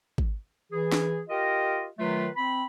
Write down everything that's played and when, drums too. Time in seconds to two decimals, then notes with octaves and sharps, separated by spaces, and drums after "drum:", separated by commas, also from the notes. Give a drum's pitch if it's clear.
0.18 drum: kick G#1
0.72 E3 G#4
0.92 drum: snare
1.29 F4 G4 A#4 D#5
1.99 D#3 F#3 A3 F4 B4
2.37 C4 B5